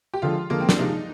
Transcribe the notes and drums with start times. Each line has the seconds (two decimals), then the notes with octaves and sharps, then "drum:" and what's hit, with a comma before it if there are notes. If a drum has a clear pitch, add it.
0.14 G4
0.22 D3 F3 G#3 F4
0.50 D3 F3 G#3 A#3
0.60 C4
0.69 D4, drum: snare
0.78 C3 F3 G#3 D#4